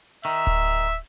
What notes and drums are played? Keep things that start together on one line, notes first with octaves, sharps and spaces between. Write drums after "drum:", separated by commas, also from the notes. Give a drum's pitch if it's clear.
D#3 E5
drum: kick D1